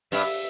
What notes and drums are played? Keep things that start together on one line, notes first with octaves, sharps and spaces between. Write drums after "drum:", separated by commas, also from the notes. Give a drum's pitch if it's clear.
G2 E5, drum: open hi-hat